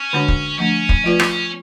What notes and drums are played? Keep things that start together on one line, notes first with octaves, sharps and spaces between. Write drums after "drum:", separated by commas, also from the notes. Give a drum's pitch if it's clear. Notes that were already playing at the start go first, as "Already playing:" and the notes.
Already playing: C#4
D3 G#3 D4 F#4 C#5
drum: kick
F3 A3 C#4 D4
drum: kick
F3 A3 F4 B4 D5
drum: rim click